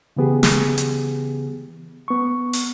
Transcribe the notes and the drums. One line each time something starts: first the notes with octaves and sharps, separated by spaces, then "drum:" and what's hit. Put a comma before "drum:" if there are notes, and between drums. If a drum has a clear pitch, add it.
C#3 E3 B3 G4 G#4
drum: snare
drum: hi-hat
B3 C#6
drum: open hi-hat